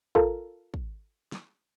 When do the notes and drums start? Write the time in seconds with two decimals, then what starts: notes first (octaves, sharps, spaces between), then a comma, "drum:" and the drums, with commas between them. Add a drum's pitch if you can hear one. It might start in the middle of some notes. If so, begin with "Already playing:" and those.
0.15 F4 A4 A#4, drum: kick
0.74 drum: kick
1.32 drum: snare